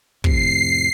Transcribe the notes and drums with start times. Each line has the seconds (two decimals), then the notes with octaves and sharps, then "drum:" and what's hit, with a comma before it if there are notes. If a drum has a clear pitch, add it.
0.24 F2 A2 C3 C7, drum: kick